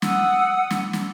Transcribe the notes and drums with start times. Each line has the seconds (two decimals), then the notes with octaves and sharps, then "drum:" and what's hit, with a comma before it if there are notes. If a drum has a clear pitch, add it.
0.02 F#5 D#6 E6, drum: snare
0.71 drum: snare
0.93 drum: snare